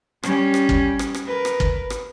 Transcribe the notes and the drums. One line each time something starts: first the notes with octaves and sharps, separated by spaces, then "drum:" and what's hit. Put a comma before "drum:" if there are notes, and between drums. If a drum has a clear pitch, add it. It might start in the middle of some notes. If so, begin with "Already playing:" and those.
G3 C#4, drum: rim click
drum: rim click
drum: kick
drum: rim click
drum: rim click
A#4 B4
drum: rim click
drum: kick
drum: rim click